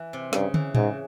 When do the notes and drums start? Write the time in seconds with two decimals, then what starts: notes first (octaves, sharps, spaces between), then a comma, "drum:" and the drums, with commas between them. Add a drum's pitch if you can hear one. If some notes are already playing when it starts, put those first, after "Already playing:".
Already playing: E3
0.13 C3
0.33 G2 C#3, drum: snare
0.54 E3, drum: tom
0.75 G#2 C#3, drum: tom A2